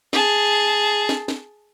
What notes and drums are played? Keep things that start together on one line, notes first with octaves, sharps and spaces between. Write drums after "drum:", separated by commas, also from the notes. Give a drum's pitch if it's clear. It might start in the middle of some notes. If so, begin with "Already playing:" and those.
G#4 A5, drum: snare
drum: snare
drum: snare